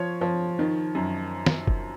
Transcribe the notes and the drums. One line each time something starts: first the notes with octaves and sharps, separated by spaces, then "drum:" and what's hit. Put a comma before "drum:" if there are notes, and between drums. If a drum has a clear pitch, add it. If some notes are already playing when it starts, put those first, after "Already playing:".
Already playing: F3 C#5
F3
D#3
F#2
drum: snare
drum: kick F1